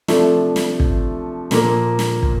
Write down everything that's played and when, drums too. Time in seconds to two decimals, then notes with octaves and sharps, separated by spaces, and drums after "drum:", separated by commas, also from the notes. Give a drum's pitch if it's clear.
0.08 C3 F3 A3 D4, drum: snare
0.56 drum: snare
0.80 drum: kick
1.51 A#2 F3 A#3, drum: snare
1.99 drum: snare
2.23 drum: kick